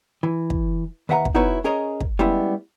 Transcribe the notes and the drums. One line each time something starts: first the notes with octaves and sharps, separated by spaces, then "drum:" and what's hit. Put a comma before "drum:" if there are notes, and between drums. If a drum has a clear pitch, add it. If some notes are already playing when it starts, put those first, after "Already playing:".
E3
drum: kick
D#2 B4 E5 F#5 G5 A#5
drum: kick
B3 D#4 E4 F#4 B4 C#5
C#4 G#4 A#4 C#5 D#5
drum: kick
G3 G#3 B3 C#4 E4